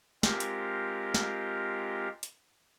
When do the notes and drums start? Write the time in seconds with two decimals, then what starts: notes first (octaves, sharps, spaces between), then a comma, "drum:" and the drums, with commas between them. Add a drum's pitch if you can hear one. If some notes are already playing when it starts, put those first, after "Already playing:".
0.23 G#3 C4 F4 G4 A#4, drum: snare
0.40 drum: hi-hat
1.14 drum: snare
2.23 drum: hi-hat